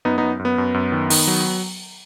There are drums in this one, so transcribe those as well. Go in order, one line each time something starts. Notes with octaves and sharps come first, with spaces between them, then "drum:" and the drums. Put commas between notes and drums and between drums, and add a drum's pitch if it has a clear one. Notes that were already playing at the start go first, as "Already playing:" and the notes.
F#2 B3 D#4
F#2 B3 D#4
F#2
B3
F#2
F#2
D#3
D#3, drum: open hi-hat
F#3